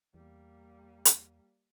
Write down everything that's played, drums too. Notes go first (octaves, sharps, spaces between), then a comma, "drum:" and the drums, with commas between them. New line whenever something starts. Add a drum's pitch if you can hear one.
E2 G3 A#3
drum: hi-hat